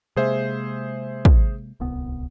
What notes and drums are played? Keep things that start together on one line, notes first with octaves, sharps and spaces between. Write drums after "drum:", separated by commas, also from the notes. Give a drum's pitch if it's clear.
C3 G#3 A#3 G#4 C5 E5
drum: kick
D1 C2 B3